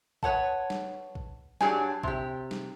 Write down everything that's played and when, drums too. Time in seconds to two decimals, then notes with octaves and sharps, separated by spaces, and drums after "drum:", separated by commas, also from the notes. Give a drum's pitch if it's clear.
0.23 B4 C#5 F#5 A5, drum: kick A#1
0.70 drum: snare
1.15 drum: kick A#1
1.61 G2 F#3 D4 G4 G#4 G#5, drum: snare
2.03 C3 G4, drum: kick A#1
2.51 drum: snare